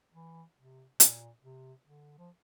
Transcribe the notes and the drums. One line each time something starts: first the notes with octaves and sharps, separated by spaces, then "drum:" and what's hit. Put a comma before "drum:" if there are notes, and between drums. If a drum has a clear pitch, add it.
E3
C3
A#2, drum: hi-hat
C3
D3
F3